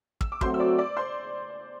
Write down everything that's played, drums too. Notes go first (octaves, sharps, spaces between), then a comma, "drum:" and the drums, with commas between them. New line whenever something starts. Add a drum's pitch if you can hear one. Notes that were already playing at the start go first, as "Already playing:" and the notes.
E6, drum: kick
D6
F#3 A3 C4 F#4 C5 C6, drum: kick
E6
D5 D6
D5 D6
C5 C6